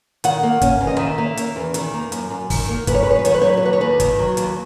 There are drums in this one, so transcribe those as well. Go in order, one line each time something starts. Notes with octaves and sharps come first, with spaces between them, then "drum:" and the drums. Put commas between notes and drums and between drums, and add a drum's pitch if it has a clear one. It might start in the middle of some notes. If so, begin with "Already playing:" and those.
D#3 F#5, drum: hi-hat
A#3
C#4, drum: kick, hi-hat
E2
D#5
D#3 E5
A#3 E5
C#4, drum: hi-hat
E2
D#3, drum: hi-hat
A#3
F#2, drum: hi-hat
F#2
D#3, drum: kick, open hi-hat
A#3
F#2 B4, drum: kick, hi-hat
C#5
B4
F#2 C#5
B4
D#3 C#5, drum: hi-hat
B4
F#3 C#5
B4
C#5
D#2 B4
C#5
D#2 B4
D#3, drum: kick, hi-hat
F#3
D#2, drum: hi-hat